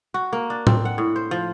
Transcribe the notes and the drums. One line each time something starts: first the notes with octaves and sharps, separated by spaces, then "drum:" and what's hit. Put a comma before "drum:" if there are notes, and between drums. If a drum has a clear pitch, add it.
F#4
A#3
D4
C4, drum: tom
F#5
A2
C5
F3